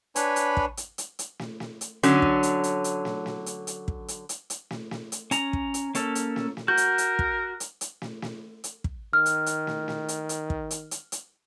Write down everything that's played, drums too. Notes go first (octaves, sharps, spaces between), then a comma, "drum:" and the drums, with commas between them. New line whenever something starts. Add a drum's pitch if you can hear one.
D4 B4 C#5 G#5 B5, drum: hi-hat
drum: hi-hat
drum: kick
drum: hi-hat
drum: hi-hat
drum: hi-hat
drum: snare
drum: snare
drum: hi-hat
D3 F#3 C#4, drum: hi-hat
drum: kick
drum: hi-hat
drum: hi-hat
drum: hi-hat
drum: snare
drum: snare
drum: hi-hat
drum: hi-hat
drum: kick
drum: hi-hat
drum: hi-hat
drum: hi-hat
drum: snare
drum: snare
drum: hi-hat
C#4 A#5, drum: hi-hat
drum: kick
drum: hi-hat
A#3 C#4 A4, drum: hi-hat
drum: hi-hat
drum: snare
drum: snare
F#4 A#4 G6
drum: hi-hat
drum: hi-hat
drum: kick
drum: hi-hat
drum: hi-hat
drum: snare
drum: snare
drum: hi-hat
drum: kick
D#3 F6
drum: hi-hat
drum: hi-hat
drum: snare
drum: snare
drum: hi-hat
drum: hi-hat
drum: kick
drum: hi-hat
drum: hi-hat
drum: hi-hat